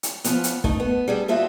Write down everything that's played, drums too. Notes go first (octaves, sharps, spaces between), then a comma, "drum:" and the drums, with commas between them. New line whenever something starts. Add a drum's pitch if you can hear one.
drum: hi-hat
F3 B3, drum: hi-hat
drum: hi-hat
A3 D#4, drum: kick
B3
G3 G#4 A4
D#2 D#4 F4 F#4 E5